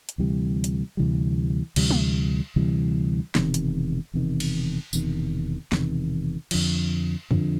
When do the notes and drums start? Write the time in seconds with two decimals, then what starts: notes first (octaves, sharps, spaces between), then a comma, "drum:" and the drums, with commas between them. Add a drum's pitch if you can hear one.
0.09 drum: hi-hat
0.18 D2 C3 E3 G3
0.64 drum: hi-hat
0.97 D2 C3 E3 G3
1.76 D2 C3 E3 G3, drum: cymbal
1.91 drum: tom
2.56 D2 C3 E3 G3
3.35 E1 E2 C3 D#3, drum: snare
3.54 drum: hi-hat
4.14 E1 E2 C3 D#3
4.40 drum: cymbal
4.93 E1 E2 C3 D#3, drum: tambourine
5.72 E1 E2 C3 D#3, drum: snare
6.51 F2 D3 F3, drum: cymbal
7.31 F2 D3 F3, drum: tom